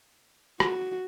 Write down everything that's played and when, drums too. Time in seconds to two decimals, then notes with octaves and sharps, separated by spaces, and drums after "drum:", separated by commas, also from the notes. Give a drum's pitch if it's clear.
0.60 F#4, drum: rim click